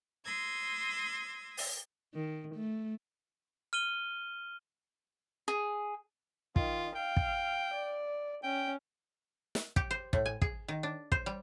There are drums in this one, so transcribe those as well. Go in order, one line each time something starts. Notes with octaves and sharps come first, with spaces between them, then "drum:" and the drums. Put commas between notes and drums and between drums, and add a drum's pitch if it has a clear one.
C6 D#6 E6 G#6 A#6
drum: open hi-hat
D#3
A3
F6 D#7 G7
G#4
D#3 F4, drum: kick
F5 G5
drum: kick
D5
C#4 G5
drum: snare
G4, drum: kick
C5
A2, drum: kick
G#5
G#4, drum: kick
D#3
D4
C5, drum: kick
G3